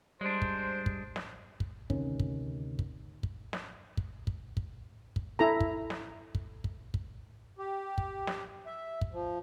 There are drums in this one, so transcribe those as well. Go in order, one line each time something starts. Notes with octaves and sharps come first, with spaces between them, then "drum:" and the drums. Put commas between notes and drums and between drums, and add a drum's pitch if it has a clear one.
G3 G#3 D4 C5
drum: kick
drum: kick
drum: snare
drum: kick
D2 C3 D#3 C#4, drum: kick
drum: kick
drum: kick
drum: kick
drum: snare
drum: kick
drum: kick
drum: kick
drum: kick
E4 A4 A#5
drum: kick
drum: snare
drum: kick
drum: kick
drum: kick
G4
drum: kick
drum: snare
E5
drum: kick
F3